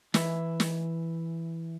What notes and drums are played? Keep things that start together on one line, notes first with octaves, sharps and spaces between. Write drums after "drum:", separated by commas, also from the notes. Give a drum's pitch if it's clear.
E3 B4 E5, drum: snare
drum: snare